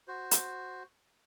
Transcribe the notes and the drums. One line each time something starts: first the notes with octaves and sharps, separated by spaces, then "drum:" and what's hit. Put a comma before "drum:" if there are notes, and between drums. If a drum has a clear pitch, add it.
F#4 C5
drum: hi-hat